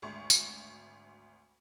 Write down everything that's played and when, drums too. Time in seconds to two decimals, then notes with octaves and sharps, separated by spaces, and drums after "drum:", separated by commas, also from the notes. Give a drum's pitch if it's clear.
0.02 G#1 D2 C#6
0.30 drum: tambourine